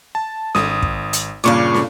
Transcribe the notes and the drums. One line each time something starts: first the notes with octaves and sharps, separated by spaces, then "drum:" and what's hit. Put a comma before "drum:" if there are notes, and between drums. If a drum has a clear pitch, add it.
A5
G#1 D#6, drum: snare
drum: kick
drum: hi-hat
G2 A#2 C#3 F5 C#6 D6
drum: snare